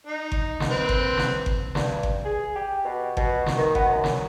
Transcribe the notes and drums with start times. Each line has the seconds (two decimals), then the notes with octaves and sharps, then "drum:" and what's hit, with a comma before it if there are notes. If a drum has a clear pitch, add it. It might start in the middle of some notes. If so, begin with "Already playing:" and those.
0.07 D#4
0.32 drum: kick G1
0.60 drum: snare
0.70 C4 B4
0.89 drum: kick G1
1.17 drum: snare
1.46 drum: kick G1
1.75 G2, drum: snare
2.03 drum: kick G1
2.25 G#4
2.55 G4
2.85 B2
3.17 B2, drum: kick G1
3.46 drum: snare
3.57 D#3
3.75 B3, drum: kick G1
3.88 F#2
4.04 drum: snare